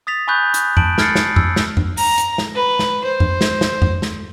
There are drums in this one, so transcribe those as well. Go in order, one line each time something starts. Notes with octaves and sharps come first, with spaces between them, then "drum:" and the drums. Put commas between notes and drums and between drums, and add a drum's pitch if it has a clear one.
D#6 A6 B6 F7
G#5 B5 C#6 D#6 F#6 G6
drum: hi-hat
A5 D7 F#7, drum: tom F#2
B5 F6 G#6 A6 C7 C#7, drum: snare
drum: snare
E6, drum: tom F#2
drum: snare
drum: tom F#2
A#5, drum: open hi-hat
drum: hi-hat
drum: snare
B4
drum: snare
C5
drum: tom F#2
drum: snare
drum: snare
drum: tom F#2
drum: snare